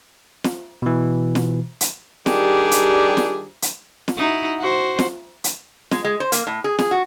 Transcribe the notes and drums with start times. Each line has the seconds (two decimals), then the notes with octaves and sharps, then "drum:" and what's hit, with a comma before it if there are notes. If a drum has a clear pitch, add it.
0.44 drum: snare
0.82 B2 E3
1.35 drum: snare
1.81 drum: hi-hat
2.26 D#3 G3 D4 G4 G#4, drum: snare
2.71 drum: hi-hat
3.17 drum: snare
3.62 drum: hi-hat
4.08 drum: snare
4.17 D#4 E4 F#4
4.60 F#4 C5
4.99 drum: snare
5.44 drum: hi-hat
5.91 G#3, drum: snare
6.04 G#3
6.20 C5
6.32 A#3, drum: hi-hat
6.47 A2
6.64 G#4
6.79 G#4, drum: snare
6.91 F#4